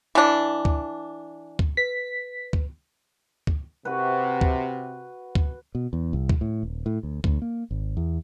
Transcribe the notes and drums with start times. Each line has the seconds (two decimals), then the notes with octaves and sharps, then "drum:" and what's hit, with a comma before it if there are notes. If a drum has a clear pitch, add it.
0.15 E3 D4
0.65 drum: kick
1.59 drum: kick
1.77 B4 B6
2.53 drum: kick
3.47 drum: kick
3.85 C3 F#4 B4
4.41 drum: kick
5.35 drum: kick
5.75 B2
5.93 E2
6.13 C2
6.29 drum: kick
6.41 A2
6.63 D#1
6.86 A2
7.03 D2
7.24 D2, drum: kick
7.42 A#3
7.71 G#1
7.97 E2